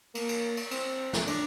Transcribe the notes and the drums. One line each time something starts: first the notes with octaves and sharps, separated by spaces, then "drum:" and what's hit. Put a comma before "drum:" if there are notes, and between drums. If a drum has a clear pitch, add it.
A#3, drum: cymbal
drum: cymbal
drum: cymbal
C4, drum: cymbal
drum: snare
D4, drum: cymbal